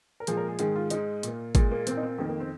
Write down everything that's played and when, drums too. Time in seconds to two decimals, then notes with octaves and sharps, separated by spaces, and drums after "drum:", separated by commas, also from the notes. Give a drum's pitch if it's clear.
0.20 A#4
0.27 A#2 F3 G#3 G#4, drum: hi-hat
0.37 A#4
0.48 G#4
0.59 G#2 D#3 G#3 G#4, drum: hi-hat
0.76 F4
0.90 G#2 G#3 D#4, drum: hi-hat
1.23 A#2 A#3, drum: hi-hat
1.55 A#2 G#3, drum: kick G#1, hi-hat
1.72 A#3
1.87 A#2 A#3 C4, drum: hi-hat
1.97 D#4
2.03 C4
2.18 F2 D#3 A#3
2.29 A#3
2.40 C4